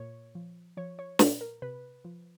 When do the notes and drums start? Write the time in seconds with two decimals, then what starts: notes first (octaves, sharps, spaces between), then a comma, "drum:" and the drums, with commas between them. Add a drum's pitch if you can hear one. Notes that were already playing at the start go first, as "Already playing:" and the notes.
Already playing: A#2 C#5
0.35 F3
0.77 F3 C#5
0.99 C#5
1.19 A#2 B4, drum: snare
1.41 A#4
1.62 C3 B4
2.05 F3